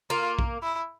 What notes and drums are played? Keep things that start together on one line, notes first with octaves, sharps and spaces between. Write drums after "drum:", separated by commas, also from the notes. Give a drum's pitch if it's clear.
A#3 F4
drum: kick A#1
E4